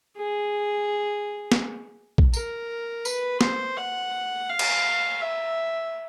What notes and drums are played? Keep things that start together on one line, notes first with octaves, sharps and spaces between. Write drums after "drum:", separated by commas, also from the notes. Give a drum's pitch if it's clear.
G#4
drum: snare
drum: kick A#1
A#4, drum: tambourine
B4, drum: tambourine
C5, drum: snare
F#5
F5
drum: cymbal
E5